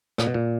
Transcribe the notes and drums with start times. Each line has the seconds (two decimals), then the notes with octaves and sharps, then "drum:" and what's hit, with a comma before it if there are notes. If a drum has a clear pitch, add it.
0.18 A#2, drum: rim click
0.27 B2
0.34 A#2